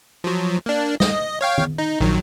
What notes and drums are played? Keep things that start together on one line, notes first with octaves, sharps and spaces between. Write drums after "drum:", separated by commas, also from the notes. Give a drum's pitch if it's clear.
F3 F#3
A#3 D4
D#5, drum: snare
C#5 F5 G5
drum: tom D#3
D#4
A#1 D#3 F#3